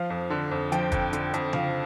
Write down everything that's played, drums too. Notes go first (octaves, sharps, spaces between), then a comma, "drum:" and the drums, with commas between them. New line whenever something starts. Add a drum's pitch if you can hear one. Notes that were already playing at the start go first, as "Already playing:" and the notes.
Already playing: F3 F5
F2
D3
F2
F3 G5, drum: hi-hat
F2, drum: kick, hi-hat
D3, drum: hi-hat
F2, drum: hi-hat
F3 F5, drum: tom C#3